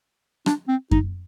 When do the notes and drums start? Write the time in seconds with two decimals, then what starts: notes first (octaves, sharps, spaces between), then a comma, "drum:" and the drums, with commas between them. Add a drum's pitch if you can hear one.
0.46 D4, drum: rim click
0.68 C4
0.91 D#4, drum: kick F#2